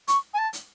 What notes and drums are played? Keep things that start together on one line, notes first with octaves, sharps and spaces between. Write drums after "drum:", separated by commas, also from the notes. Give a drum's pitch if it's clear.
C#6, drum: hi-hat
G#5
A5
drum: hi-hat